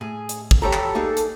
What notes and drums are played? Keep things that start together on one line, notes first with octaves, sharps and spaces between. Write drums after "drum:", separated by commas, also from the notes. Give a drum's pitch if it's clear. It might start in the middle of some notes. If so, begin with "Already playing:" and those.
A2 G#4
drum: hi-hat
drum: kick
G3 F#4 G4 A4 C#5 A#5
drum: clap
A#3 D#4 G#4
drum: hi-hat